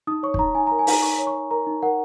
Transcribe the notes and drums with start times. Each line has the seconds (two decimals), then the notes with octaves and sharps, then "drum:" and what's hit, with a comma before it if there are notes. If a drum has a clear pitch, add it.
0.07 D#4 D#6
0.23 C#5 C#6
0.34 C#6, drum: kick
0.39 D#4 A#5
0.55 D#4 G#5
0.67 A#5
0.72 A#4
0.79 G#5
0.87 D#4 A#5, drum: open hi-hat
1.02 D#4 C#6
1.19 C#5
1.27 C#6
1.35 C#5
1.51 A#4 A#5
1.67 D#4
1.83 A#4 F#5